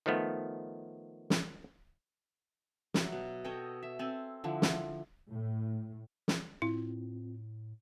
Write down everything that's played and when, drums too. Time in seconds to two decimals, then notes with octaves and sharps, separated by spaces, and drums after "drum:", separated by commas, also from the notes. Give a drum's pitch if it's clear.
0.06 D#3 F3 A3 B3
1.30 drum: snare
2.94 F#3 E5 F#5, drum: snare
3.12 B2
3.44 A4 C#5 D#5 G5
3.83 E5
3.99 C4 A4 G#5
4.44 D3 F3 E4
4.62 drum: snare
5.30 A2
6.28 drum: snare
6.62 A2 C4 E4 F4